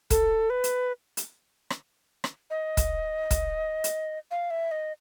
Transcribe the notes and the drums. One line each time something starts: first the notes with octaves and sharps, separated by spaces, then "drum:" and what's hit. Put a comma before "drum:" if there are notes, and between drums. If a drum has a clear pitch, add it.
A4, drum: kick, hi-hat
B4
drum: hi-hat
drum: hi-hat
drum: rim click
drum: rim click
D#5
drum: kick, hi-hat
drum: kick, hi-hat
drum: hi-hat
F5
E5
D#5